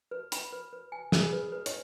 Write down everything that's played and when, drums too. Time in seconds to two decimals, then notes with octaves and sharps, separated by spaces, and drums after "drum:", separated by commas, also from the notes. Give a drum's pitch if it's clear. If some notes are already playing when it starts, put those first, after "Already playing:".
0.11 B4
0.32 B5, drum: hi-hat
0.53 B4
0.73 B4
0.92 G#5
1.12 G#4 B5, drum: snare
1.33 B4
1.52 B4
1.66 C#5, drum: hi-hat